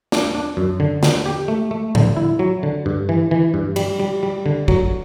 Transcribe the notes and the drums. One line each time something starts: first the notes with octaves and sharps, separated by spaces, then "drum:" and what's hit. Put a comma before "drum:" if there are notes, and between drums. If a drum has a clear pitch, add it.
D4, drum: snare
D4
F#2
D3
D3, drum: snare
G4
A3
A3
D3, drum: tom A2
E4
F#3
D3
G2
E3
E3
G2
G3, drum: cymbal
G3
G3
D3
F#3, drum: kick A1